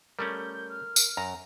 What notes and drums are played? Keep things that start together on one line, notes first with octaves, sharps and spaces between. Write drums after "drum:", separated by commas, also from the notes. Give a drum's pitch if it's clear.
G3 A3 C#4 A#4 G6
F6
drum: tambourine
F#2 A#5